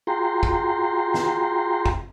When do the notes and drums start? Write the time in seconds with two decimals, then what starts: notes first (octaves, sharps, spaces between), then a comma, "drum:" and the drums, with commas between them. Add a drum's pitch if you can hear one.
0.07 F4 F#4 G#4 G5 A#5 C6
0.43 drum: kick
1.14 drum: snare
1.86 drum: kick